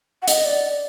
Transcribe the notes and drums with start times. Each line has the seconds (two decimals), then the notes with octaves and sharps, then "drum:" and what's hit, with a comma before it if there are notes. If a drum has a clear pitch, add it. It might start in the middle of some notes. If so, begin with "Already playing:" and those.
0.22 F#5
0.28 D#5, drum: hi-hat
0.45 D5